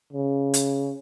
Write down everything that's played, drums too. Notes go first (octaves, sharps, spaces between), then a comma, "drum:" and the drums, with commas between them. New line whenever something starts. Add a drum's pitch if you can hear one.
C#3
drum: hi-hat